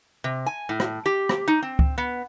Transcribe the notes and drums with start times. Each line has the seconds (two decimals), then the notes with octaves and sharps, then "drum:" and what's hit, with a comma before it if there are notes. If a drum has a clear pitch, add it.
0.24 C3
0.46 G#5
0.69 A2
0.80 drum: rim click
1.06 G4
1.29 drum: rim click
1.48 D#4
1.62 C4
1.79 drum: kick C#2
1.98 B3